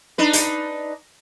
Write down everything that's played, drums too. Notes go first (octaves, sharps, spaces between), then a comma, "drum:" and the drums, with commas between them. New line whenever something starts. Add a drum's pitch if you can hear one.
D4 D#4 B4
drum: hi-hat